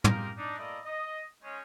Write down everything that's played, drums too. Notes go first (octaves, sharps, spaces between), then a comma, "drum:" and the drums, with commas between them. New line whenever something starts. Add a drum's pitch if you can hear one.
G#3 A#3 D#4 F4 G4 A#4, drum: tom
D4 D#4
A3 A#3 E4 D5 D#5
D#5
G#3 C#4 D#4 G#4